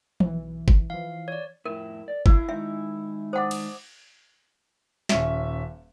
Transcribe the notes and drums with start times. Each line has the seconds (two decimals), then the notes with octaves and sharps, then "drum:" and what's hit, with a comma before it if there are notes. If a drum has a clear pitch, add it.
0.20 B1 E3, drum: tom E3
0.68 drum: kick F#1
0.90 E3 F3 F5
1.28 C#5 D5
1.65 F2 A2 E4 A#4
2.08 D5
2.26 E4 B4 F5, drum: kick F#1
2.49 D#3 G#3 D#4 E5
3.33 C5 D5 F#5 B5 D#6
3.51 drum: cymbal
5.09 D#1 C#4 E5, drum: snare